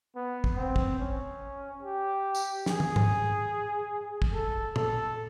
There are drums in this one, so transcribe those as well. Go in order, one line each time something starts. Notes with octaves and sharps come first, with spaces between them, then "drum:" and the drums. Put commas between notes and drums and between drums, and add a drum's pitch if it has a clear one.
B3
drum: kick
C4
drum: kick
C#4
G4
drum: tambourine
G#4, drum: snare
drum: tom
drum: tom G#2
drum: kick
A4
A4, drum: tom